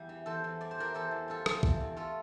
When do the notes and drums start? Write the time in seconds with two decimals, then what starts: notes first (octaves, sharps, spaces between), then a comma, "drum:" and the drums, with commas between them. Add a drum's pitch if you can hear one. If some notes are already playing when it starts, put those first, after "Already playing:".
Already playing: E2 G3
0.09 E3
0.26 E2 A4 C5
0.44 E2
0.61 G3 D5
0.71 C5
0.78 E3 A#4 D5
0.94 E2 A4 C5
1.11 E2
1.28 G3 F4 A4
1.46 E3, drum: rim click
1.63 E2, drum: kick
1.80 E2
1.97 A3 F4 A4